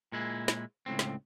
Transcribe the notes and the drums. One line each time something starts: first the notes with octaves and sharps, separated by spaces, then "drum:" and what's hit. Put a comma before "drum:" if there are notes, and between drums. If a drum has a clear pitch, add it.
A#2 G#3 E4
drum: snare
C#2 A2 C4
drum: snare